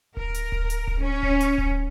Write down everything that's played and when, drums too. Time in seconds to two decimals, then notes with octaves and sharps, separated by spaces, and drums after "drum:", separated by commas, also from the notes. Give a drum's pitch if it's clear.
0.17 A#4, drum: kick D1
0.34 drum: hi-hat
0.52 drum: kick D1
0.70 drum: hi-hat
0.87 drum: kick D1
1.01 C#4
1.23 drum: kick D1
1.40 drum: hi-hat
1.58 drum: kick D1